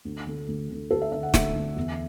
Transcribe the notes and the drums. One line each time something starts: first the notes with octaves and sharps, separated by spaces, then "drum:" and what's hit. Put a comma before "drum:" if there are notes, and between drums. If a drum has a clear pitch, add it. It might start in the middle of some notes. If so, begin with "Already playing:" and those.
D2
D3 A3
D2
D3 A3
D2 A4
E5
D3 A3 E5
F#5
D2 E5, drum: snare
D3 A3
E2